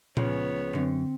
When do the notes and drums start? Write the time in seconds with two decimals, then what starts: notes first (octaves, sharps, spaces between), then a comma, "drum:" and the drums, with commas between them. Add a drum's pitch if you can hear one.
0.17 C#2 C#3 F3 B3 C#5, drum: tom A#2
0.75 F#2 D3 C4